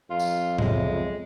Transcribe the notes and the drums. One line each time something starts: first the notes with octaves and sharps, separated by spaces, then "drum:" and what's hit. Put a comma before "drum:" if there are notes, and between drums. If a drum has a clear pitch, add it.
F2 F4
drum: tambourine
C2 F#2 C#3 G#3 B3 C#5 E5, drum: tom A2